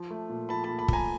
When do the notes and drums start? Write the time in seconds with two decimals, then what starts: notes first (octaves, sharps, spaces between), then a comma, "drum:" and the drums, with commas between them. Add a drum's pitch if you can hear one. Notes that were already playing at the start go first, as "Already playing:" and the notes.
Already playing: F3
0.11 A3
0.29 A#2
0.49 F3 A5 B5
0.64 A#2 A5 B5
0.79 A5 B5
0.88 F3 G#5 A#5, drum: kick